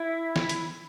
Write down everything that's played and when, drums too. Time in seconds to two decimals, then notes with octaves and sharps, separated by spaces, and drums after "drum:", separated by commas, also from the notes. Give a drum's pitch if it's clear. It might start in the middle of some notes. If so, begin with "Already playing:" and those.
Already playing: E4
0.36 drum: snare
0.49 drum: hi-hat